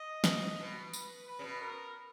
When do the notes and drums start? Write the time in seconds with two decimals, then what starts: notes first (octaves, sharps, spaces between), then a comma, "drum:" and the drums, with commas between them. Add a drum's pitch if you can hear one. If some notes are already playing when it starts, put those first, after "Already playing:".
Already playing: D#5
0.24 drum: snare
0.61 B2
0.93 B4, drum: tambourine
1.27 B4
1.39 C#3
1.44 B2
1.61 A#4